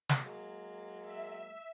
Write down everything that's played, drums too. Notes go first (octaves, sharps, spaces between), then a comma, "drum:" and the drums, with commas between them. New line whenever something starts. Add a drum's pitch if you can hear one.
drum: snare
F#3 G#3 A#3
E5